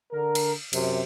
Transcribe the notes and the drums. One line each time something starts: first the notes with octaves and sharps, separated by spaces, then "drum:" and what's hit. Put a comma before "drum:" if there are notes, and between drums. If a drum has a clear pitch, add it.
D3 A#4
drum: cymbal
F#2 C3, drum: cymbal